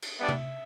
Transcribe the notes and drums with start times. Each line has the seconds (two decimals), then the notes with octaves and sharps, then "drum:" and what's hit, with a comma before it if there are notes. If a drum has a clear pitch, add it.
0.02 drum: cymbal
0.19 G3 B3 D4 E5
0.29 drum: tom C3